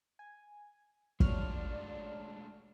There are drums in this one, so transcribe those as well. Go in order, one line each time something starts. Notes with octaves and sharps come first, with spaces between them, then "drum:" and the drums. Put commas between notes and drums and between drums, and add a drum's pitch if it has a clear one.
G#5
G#3 A3 D4 F4 F#4 C#5 D5 F6, drum: kick